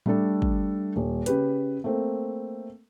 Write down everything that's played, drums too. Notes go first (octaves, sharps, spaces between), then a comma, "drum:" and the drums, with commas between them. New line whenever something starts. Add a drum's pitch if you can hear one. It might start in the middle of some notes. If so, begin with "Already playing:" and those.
G3 A3 D4 A4, drum: tom A2
drum: kick
D#1
C#3 G4 B4, drum: hi-hat
A3 A#3 C4